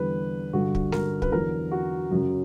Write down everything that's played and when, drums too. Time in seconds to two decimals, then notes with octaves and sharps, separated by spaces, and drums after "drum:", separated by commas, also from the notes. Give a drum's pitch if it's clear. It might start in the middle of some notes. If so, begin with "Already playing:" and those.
Already playing: E2 D3 G3 B4
0.53 G2 D3 G3 F#4
0.75 drum: kick
0.92 A#4, drum: snare G#3
1.22 B4, drum: kick
1.31 E2 D3 F#3 A#4
1.72 F#4
2.11 F#2 C#3 F#3